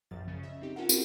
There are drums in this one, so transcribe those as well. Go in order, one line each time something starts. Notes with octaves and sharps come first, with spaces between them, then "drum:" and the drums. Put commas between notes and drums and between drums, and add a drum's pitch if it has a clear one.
A#1 F#2 F3 A6
C#3 C#4
D#5 E5
C4 D#4 G4
C#4 F4 A4 A#4 F#5
C4 E4 F#4 G4 A#4 C5, drum: tambourine